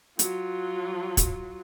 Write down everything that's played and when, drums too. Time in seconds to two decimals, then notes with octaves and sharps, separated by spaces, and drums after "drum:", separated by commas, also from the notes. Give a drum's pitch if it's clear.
0.19 F#3 F4, drum: hi-hat
1.17 drum: kick, hi-hat